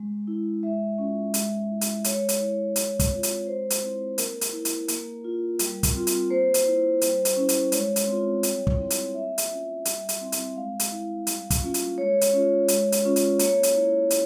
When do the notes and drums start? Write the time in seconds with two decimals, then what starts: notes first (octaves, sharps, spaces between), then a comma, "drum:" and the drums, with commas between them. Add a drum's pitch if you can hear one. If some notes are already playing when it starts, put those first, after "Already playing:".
Already playing: G#3
0.27 E4
0.63 G#3 E5
0.98 C#4 F4
1.34 G#3, drum: hi-hat
1.70 E4
1.81 drum: hi-hat
2.04 G#3 C#5, drum: hi-hat
2.29 drum: hi-hat
2.40 E4
2.76 G#3, drum: hi-hat
2.99 drum: kick, hi-hat
3.12 C4 F4
3.23 drum: hi-hat
3.47 G#3 C5
3.70 drum: hi-hat
3.82 C4 E4
4.18 A#3 A#4, drum: hi-hat
4.41 drum: hi-hat
4.53 E4
4.65 drum: hi-hat
4.88 A#3, drum: hi-hat
5.24 F4
5.59 G3, drum: hi-hat
5.83 drum: kick, hi-hat
5.95 C4 F4
6.07 drum: hi-hat
6.30 A#3 C5
6.54 drum: hi-hat
6.66 E4
7.01 G3, drum: hi-hat
7.25 drum: hi-hat
7.36 C#4 E4
7.49 drum: hi-hat
7.72 G#3 C#5, drum: hi-hat
7.96 drum: hi-hat
8.08 C4 F4
8.43 G3, drum: hi-hat
8.67 drum: kick
8.78 C4 E4
8.90 drum: hi-hat
9.14 A#3 E5
9.38 drum: hi-hat
9.49 C#4 F4
9.85 G3, drum: hi-hat
10.09 drum: hi-hat
10.21 C4 E4
10.32 drum: hi-hat
10.56 G#3 F5
10.80 drum: hi-hat
10.92 E4
11.27 G3, drum: hi-hat
11.50 drum: kick, hi-hat
11.63 A#3 C#4 F4
11.74 drum: hi-hat
11.98 G#3 C#5
12.21 drum: hi-hat
12.33 C#4 F4
12.68 G#3, drum: hi-hat
12.92 drum: hi-hat
13.05 C#4 F4
13.16 drum: hi-hat
13.39 A#3 C#5, drum: hi-hat
13.63 drum: hi-hat
13.75 E4
14.10 drum: hi-hat